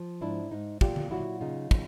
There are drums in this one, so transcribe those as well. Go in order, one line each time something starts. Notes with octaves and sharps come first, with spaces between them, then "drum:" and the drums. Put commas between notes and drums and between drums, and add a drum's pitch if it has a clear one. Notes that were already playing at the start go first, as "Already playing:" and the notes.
Already playing: F3
G#2 D4 E4
G#2 D#4
A#2 F4 G4, drum: kick
drum: tom D3
F#3 E4 F#4
C#3 D#4 F4
C#3, drum: kick